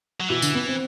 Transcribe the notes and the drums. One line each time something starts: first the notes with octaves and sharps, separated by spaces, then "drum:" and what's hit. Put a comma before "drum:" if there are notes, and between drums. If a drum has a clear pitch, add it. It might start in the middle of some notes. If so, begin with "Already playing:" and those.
F#3
B2 E3
D3, drum: tambourine
B3
C4